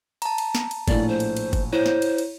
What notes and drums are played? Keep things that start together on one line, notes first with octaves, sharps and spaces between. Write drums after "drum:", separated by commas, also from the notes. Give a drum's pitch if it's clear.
A5 A#5, drum: cymbal
drum: cymbal
drum: snare
drum: cymbal
A#1 A2 D5, drum: kick G1, cymbal
C5
drum: cymbal
drum: cymbal
drum: kick G1, cymbal
E4 C5 C#5
drum: snare
drum: cymbal
drum: cymbal